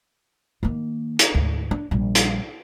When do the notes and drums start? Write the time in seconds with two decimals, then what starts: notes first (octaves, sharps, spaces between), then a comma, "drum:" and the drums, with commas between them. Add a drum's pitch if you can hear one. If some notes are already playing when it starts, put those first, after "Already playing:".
0.63 D#3 A#3
1.19 drum: hi-hat
1.35 D2 G#2
1.71 D4
1.91 A#1 G3
2.15 drum: hi-hat